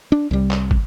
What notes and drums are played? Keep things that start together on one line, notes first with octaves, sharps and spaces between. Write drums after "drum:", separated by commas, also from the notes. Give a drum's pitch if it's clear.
D4
C2 G3
drum: clap
drum: kick